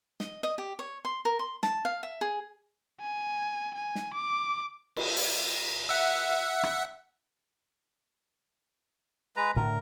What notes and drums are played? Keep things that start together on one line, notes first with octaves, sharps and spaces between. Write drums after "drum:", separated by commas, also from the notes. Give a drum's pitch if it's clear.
D#5, drum: snare
D#5
G4
C#5
C6
A#4
C6
A5, drum: snare
F5
E5
G#4
G#5
G#5
drum: snare
D6
drum: cymbal
drum: open hi-hat
E5 F#5
drum: rim click
G#3 B4 A#5
A2 D3 A#4